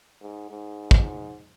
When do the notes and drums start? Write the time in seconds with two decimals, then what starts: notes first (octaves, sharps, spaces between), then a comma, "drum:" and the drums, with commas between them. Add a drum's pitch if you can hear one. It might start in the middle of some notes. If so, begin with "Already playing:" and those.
0.21 G#2
0.50 G#2
0.91 drum: kick